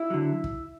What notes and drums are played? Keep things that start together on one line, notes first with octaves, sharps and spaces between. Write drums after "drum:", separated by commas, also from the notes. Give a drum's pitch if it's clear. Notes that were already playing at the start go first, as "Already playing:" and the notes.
Already playing: E4
D3 F#3
drum: kick